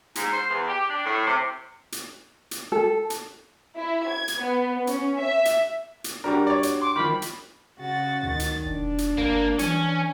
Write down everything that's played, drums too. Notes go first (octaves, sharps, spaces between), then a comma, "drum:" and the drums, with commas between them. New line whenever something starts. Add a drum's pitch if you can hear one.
G#2, drum: hi-hat
C5
E2
G4
D4
A2
C3
drum: hi-hat
drum: hi-hat
A4
drum: hi-hat
E4
G#6
drum: hi-hat
B3
C#4, drum: hi-hat
E5
drum: hi-hat
drum: hi-hat
G3 D4 F#4 G4 A#4
C#5 D5
drum: hi-hat
C6 D6
D#3 F3 B5
drum: hi-hat
C#3 F#4 A6
D2 D#3 A6
drum: hi-hat
E1 D4
drum: hi-hat
G1 A#3
E3 C#4, drum: hi-hat